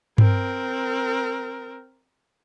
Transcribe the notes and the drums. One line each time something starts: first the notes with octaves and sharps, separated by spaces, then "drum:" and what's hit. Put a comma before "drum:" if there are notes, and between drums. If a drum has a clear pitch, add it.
C4 A#4, drum: tom G2